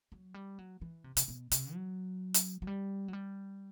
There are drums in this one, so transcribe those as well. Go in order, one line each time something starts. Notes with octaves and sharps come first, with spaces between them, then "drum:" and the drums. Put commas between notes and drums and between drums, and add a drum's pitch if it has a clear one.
F#3
G3
F#3
E3
C3
C3, drum: hi-hat
B2
C3, drum: hi-hat
F#3
drum: hi-hat
F#3
G3
F#3
G3